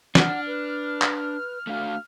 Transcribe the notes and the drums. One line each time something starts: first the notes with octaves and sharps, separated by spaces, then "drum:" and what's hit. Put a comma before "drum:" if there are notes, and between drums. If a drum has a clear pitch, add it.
D4 F#5 F6, drum: snare
B4
drum: clap
A3 D4 F#4 F5